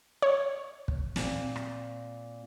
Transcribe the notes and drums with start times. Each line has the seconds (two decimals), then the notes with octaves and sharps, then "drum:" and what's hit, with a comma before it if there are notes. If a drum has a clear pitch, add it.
0.22 C#5
0.88 drum: kick
1.16 A#2 C4, drum: snare
1.56 drum: rim click